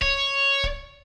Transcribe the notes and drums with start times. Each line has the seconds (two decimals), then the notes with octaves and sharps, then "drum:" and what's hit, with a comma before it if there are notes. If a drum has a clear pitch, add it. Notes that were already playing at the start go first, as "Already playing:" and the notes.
0.01 C#5, drum: kick C#1
0.64 drum: kick C#1